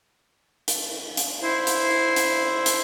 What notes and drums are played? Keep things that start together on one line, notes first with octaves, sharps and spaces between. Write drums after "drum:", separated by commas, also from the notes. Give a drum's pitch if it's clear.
drum: hi-hat
drum: hi-hat
E4 C5
drum: hi-hat
drum: hi-hat
drum: hi-hat